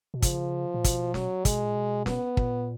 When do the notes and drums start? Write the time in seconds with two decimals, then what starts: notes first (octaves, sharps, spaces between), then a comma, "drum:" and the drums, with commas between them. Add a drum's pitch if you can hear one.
0.14 B2
0.22 C#3 F3, drum: kick, hi-hat
0.74 A#2
0.84 B2, drum: kick, hi-hat
1.14 F#3, drum: snare
1.45 B2 G#3, drum: kick, hi-hat
1.64 A#2
1.75 B2
2.06 B3, drum: snare
2.37 A#2, drum: kick